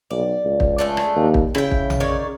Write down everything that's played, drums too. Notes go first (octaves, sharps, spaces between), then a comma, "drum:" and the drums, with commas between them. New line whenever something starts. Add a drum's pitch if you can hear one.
B1 D5
C#2
drum: kick
G#3 A3 D4
drum: rim click
D#2
drum: kick
C#3 E4 G5, drum: rim click
drum: kick
drum: tom A#1
D#3 C#5 D5